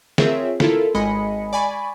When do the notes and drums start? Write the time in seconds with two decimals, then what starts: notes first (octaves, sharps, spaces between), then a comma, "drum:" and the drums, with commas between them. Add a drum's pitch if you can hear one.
0.18 C4 F4 G#4 A#4 C#5 E5, drum: snare
0.60 E4 F4 A4 A#4, drum: snare
0.94 G#1 G#3 D#5 G#5 B5 C#7
1.53 D5 G#5 B5 C#6